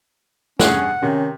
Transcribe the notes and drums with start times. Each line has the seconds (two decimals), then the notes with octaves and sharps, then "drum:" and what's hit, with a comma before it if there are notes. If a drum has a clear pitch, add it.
0.60 G2 C#4 G#4 F#5, drum: snare
1.02 C3 D#3 C#4